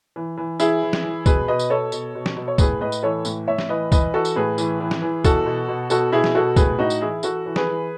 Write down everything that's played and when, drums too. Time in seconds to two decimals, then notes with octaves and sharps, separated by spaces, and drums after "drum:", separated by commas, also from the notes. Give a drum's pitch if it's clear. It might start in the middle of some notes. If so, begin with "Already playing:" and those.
0.16 E3
0.37 E3
0.60 E3 E4 G#4, drum: tambourine
0.82 E3
0.93 drum: snare
1.04 E3
1.26 B2 G#4 B4, drum: kick, tambourine
1.48 B2 B4 D#5
1.59 drum: tambourine
1.70 B2 A4 C#5
1.92 B2, drum: tambourine
2.15 B2
2.26 drum: snare
2.36 B2
2.48 C#5
2.58 A2 G#4 B4, drum: kick, tambourine
2.81 A2 B4 D#5
2.92 drum: tambourine
3.03 E3 A4 C#5
3.25 A2, drum: tambourine
3.48 A2 C#5 E5
3.58 drum: snare
3.69 E3 B4 D#5
3.92 E3 B4 D#5, drum: kick, tambourine
4.14 E3 F#4 A4
4.25 drum: tambourine
4.36 A2 G#4 B4
4.58 E3, drum: tambourine
4.80 E3
4.91 drum: snare
5.02 E3
5.24 B2 F#4 A4, drum: kick, tambourine
5.46 B2
5.68 B2
5.90 B2 F#4 A4, drum: tambourine
6.12 B2 E4 G#4
6.24 drum: snare
6.35 B2 F#4 A4
6.56 A2 G#4 B4, drum: kick, tambourine
6.79 A2 D#4 F#4
6.90 drum: tambourine
7.01 E3 E4 G#4
7.23 E3 F#4 A4, drum: tambourine
7.46 E3
7.56 G#4 B4, drum: snare
7.68 E3